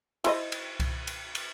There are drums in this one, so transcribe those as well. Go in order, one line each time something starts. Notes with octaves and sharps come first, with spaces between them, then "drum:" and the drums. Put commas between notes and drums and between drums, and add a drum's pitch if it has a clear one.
E4 C5 D#5, drum: cymbal
drum: cymbal
drum: kick C2, cymbal
drum: cymbal
drum: cymbal